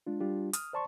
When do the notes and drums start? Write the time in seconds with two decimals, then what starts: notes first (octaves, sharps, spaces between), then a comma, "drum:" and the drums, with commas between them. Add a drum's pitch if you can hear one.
0.07 G#3 D4 F4
0.20 G3 D4 F4 G4
0.53 D#6 F6, drum: hi-hat
0.73 C5 D5 A5 C6 C#6